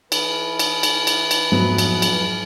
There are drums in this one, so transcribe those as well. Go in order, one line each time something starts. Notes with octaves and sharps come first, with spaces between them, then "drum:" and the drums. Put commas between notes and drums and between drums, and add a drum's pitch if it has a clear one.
E3 B4, drum: cymbal
drum: cymbal
drum: cymbal
drum: cymbal
drum: cymbal
F2 G#2 F3 F#3 B3
drum: cymbal
drum: cymbal